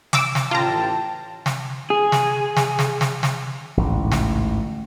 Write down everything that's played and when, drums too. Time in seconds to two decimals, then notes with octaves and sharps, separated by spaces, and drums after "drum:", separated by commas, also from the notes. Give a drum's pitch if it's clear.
0.13 D6 E6, drum: snare
0.35 drum: snare
0.51 A1 F4 G5 A5 A#5
1.46 drum: snare
1.90 G#4
2.12 drum: snare
2.57 drum: snare
2.79 drum: snare
3.01 drum: snare
3.23 drum: snare
3.77 A1 D2 G#2
4.12 drum: snare